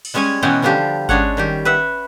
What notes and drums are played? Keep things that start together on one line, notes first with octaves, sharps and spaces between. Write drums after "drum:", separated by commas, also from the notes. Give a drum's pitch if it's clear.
drum: cymbal
G3 G#3 C#4 C#5 G#5
B2 E3 G#3 C#4 F#5 G5
D3 F3 G3 D4 G4 F5
G#3 C#4 D4 C#5 F#5, drum: kick G#1
D#3 G3 G4
B4 E5 F#5